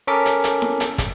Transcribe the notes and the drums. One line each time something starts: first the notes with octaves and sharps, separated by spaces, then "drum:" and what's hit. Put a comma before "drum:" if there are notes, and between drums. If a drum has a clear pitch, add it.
C#4 A4 A#4 D6 B6
drum: hi-hat
drum: hi-hat
drum: snare E4
drum: hi-hat
drum: kick, hi-hat